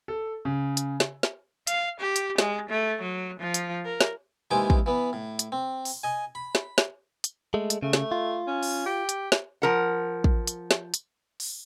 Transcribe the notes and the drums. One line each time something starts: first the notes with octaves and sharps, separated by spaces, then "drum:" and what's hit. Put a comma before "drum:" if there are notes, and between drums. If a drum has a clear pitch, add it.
A4
C#3
drum: hi-hat
drum: snare
drum: snare
F5, drum: hi-hat
G4
drum: hi-hat
G#3, drum: snare
A3
F#3
F3
drum: hi-hat
A#4
drum: snare
D#2 E3 G#3 C5 G#5 D6
drum: kick
E3 B3
A2
drum: hi-hat
C4
drum: open hi-hat
D#5 G#5
B5
drum: snare
drum: snare
drum: hi-hat
G#3 A3
drum: hi-hat
C#3 A3
drum: snare
F4
C#4
drum: open hi-hat
G4
drum: hi-hat
drum: snare
F3 A#4 F#5
drum: kick
drum: hi-hat
drum: snare
drum: hi-hat
drum: open hi-hat